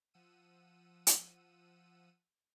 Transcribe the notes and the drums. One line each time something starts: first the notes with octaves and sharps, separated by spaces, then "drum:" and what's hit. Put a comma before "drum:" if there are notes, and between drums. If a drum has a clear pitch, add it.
F3 F#5 E6 D#7
drum: hi-hat